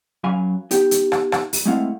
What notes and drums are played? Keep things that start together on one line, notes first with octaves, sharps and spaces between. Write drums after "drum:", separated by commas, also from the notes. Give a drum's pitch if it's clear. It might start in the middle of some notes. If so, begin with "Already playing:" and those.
F#2 F#3 F5 G#5 B5
B3 D#4 G4, drum: hi-hat
drum: hi-hat
drum: rim click
drum: rim click
drum: open hi-hat
G#3 A3 C4 E4 F5 F#5